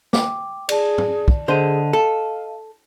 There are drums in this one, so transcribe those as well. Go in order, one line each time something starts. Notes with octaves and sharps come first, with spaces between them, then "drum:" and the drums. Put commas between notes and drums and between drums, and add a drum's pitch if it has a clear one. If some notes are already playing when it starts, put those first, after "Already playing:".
G5 D6, drum: snare
G#4 D5 A5, drum: cymbal
drum: tom
drum: kick
D3 G#4 C5 D#5 A5 D#7
A4 F5